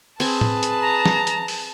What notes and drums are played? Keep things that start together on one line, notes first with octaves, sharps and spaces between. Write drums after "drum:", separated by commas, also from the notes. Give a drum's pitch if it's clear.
C4 G#4 B4 G#5 A5, drum: open hi-hat
drum: tom A2
drum: hi-hat
A#5
drum: snare
drum: hi-hat
drum: open hi-hat